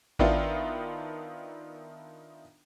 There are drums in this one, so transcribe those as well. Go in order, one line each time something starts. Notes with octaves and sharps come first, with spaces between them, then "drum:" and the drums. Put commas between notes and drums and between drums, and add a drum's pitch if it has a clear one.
D#3 B3 D4 E4 F4, drum: kick A1